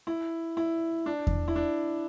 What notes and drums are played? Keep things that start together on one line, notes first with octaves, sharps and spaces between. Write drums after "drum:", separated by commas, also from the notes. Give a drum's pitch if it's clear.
E4
E4
D4
drum: kick E2
E4
D4